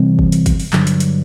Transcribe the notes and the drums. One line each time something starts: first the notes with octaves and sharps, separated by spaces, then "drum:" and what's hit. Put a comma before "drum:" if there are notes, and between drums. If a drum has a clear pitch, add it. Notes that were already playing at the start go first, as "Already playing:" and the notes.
Already playing: C3 E3 G3 C4
drum: kick
drum: hi-hat
drum: kick, hi-hat
drum: open hi-hat
G2 D3 F#3, drum: clap
drum: hi-hat
drum: hi-hat